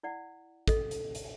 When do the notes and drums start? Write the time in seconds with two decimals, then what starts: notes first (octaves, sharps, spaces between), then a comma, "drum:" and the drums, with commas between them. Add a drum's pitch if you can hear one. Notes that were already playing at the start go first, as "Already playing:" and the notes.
0.03 E4 D5 F#5
0.68 A4 D#5, drum: kick, hi-hat
0.91 drum: hi-hat
1.15 drum: hi-hat